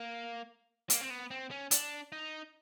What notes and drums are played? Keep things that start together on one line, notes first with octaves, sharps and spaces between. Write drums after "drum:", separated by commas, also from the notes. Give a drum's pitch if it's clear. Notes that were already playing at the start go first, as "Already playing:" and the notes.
Already playing: A#3
A#3, drum: hi-hat
C4
B3
C4
C#4
D4, drum: hi-hat
D#4